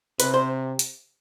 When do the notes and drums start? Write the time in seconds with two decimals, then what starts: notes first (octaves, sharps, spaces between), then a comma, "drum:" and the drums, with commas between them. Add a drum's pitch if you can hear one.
0.20 C3 B4, drum: hi-hat
0.34 C5
0.79 drum: hi-hat